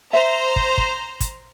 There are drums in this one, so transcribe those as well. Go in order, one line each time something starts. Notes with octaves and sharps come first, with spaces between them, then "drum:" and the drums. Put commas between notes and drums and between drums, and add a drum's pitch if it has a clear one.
C5 E5 A#5
drum: kick
drum: kick
drum: kick, hi-hat